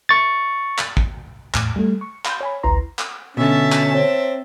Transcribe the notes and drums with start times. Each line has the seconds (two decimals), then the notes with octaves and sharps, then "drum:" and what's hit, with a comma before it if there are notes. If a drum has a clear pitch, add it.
0.09 C#6 A6
0.78 drum: clap
0.97 drum: kick
1.54 E2 A2 D6, drum: clap
1.76 G3 A3
2.01 C#6
2.25 F5 B5 C6 G6, drum: clap
2.41 C#5 G#5 B5
2.63 A1 D2 E4 B4 A#5 C6
2.99 drum: clap
3.37 B2 D3 C#4 E5 A5
3.72 drum: clap
3.95 C4 C#5